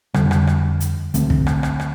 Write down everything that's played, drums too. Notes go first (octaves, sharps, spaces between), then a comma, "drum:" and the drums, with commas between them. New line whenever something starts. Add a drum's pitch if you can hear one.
F2 D3 G3, drum: rim click
drum: rim click
drum: rim click
drum: hi-hat
D2 D3 A3 C4, drum: hi-hat
drum: kick
drum: rim click
drum: rim click
drum: rim click